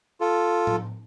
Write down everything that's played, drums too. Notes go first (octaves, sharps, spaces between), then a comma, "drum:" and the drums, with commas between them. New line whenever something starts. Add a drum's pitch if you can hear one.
F4 A4
drum: tom